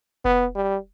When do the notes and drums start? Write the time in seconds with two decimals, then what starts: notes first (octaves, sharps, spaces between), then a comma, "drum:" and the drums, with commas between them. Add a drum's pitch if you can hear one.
0.25 B3, drum: kick F1
0.56 G3